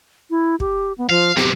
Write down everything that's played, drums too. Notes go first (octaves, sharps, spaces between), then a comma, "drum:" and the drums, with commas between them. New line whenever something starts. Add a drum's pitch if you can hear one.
E4
G4, drum: kick
B3
F3 F5
C3 F#3 G4, drum: snare